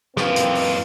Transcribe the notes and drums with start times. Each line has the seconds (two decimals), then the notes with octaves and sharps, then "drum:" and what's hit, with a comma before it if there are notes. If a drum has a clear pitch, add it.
0.17 F#2 A#3 C4 F4 B4, drum: snare
0.36 drum: hi-hat
0.55 drum: open hi-hat